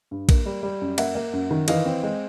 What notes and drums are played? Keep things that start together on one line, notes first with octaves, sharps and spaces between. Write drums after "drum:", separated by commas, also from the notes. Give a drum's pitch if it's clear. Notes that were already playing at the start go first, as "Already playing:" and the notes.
G2
A#3, drum: kick A#1, cymbal
G3
G3
F#2
A#3 E5 F#5, drum: cymbal
A#3
F#2
D#3
E3 D#5 F5, drum: cymbal
C4
G#3